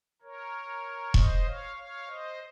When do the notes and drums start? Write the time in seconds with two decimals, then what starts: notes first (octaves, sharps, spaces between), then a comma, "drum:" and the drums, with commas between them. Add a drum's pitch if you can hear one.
0.22 A#4 C#5
1.14 C5 D#5, drum: kick E1
1.45 C#5 F5
1.76 C#5 F5
2.07 C5 D#5